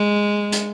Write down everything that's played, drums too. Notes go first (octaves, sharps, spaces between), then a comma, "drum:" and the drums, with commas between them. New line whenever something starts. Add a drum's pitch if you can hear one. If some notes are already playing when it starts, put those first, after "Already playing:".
Already playing: G#3
drum: hi-hat